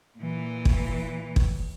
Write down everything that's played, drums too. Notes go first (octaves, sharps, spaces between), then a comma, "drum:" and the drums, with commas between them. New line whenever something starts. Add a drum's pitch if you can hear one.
A#2 E3
drum: kick
drum: kick